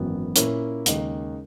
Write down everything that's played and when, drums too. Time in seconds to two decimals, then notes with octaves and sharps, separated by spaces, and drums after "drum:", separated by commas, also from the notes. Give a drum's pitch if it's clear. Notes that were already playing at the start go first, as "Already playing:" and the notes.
Already playing: G#1 F#2 E3 B3 F#4
0.36 A#2 A#3 C#4 E4, drum: hi-hat
0.86 D#2 C#3 G#3 D#4, drum: hi-hat